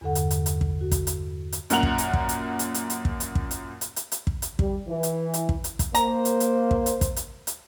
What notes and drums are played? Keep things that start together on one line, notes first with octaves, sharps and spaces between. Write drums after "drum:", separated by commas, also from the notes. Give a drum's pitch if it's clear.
E2 G2 D3 A4 F#5
drum: hi-hat
drum: hi-hat
drum: hi-hat
drum: kick
F#4
drum: kick, hi-hat
drum: hi-hat
drum: hi-hat
F#2 A#2 A#4 F#5 F7 F#7, drum: hi-hat
drum: kick
drum: hi-hat
drum: kick
drum: hi-hat
drum: hi-hat
drum: hi-hat
drum: hi-hat
drum: kick
drum: hi-hat
drum: kick
drum: hi-hat
drum: hi-hat
drum: hi-hat
drum: hi-hat
drum: kick
drum: hi-hat
G3, drum: kick
E3
drum: hi-hat
drum: hi-hat
drum: kick
drum: hi-hat
drum: kick, hi-hat
A#3 C5 A#5, drum: hi-hat
drum: hi-hat
drum: hi-hat
drum: kick
drum: hi-hat
drum: kick, hi-hat
drum: hi-hat
drum: hi-hat